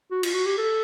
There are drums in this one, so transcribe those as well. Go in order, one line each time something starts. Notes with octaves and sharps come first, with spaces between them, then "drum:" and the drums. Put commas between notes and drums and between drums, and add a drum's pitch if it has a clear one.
F#4
F4, drum: cymbal
F#4
G4
A4